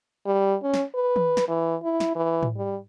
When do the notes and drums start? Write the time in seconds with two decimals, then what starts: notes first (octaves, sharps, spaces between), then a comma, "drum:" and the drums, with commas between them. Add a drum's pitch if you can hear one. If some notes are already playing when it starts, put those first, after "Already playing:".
0.26 G3
0.63 C#4
0.74 drum: snare
0.95 B4
1.16 drum: tom
1.37 drum: snare
1.48 E3
1.83 E4
2.00 drum: snare
2.16 E3
2.43 drum: tom
2.57 G3